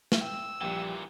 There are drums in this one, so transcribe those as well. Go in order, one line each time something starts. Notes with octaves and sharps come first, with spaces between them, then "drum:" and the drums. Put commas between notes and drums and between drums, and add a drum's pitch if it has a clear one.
drum: snare
G5 E6
A#1 A#2 E3 G3 G5